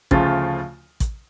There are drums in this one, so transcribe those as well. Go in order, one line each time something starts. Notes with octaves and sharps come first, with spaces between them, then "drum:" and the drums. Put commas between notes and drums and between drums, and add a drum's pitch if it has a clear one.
D2 C#3 F3 A3 F4, drum: kick
drum: kick, hi-hat